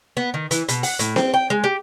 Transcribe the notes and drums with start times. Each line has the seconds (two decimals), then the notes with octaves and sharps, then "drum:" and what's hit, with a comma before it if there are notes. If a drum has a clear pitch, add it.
0.17 B3
0.34 D#3
0.51 E3, drum: hi-hat
0.69 B2, drum: hi-hat
0.83 F#5, drum: open hi-hat
0.99 A2, drum: hi-hat
1.16 C4, drum: snare C4
1.34 G5
1.50 G#3
1.64 G4